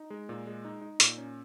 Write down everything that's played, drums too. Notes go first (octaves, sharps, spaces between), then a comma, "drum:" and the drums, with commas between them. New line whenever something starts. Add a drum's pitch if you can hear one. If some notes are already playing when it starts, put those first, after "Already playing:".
Already playing: D#4
G#3
A#2
G#3
D#4
D#4
A#2, drum: hi-hat
C#4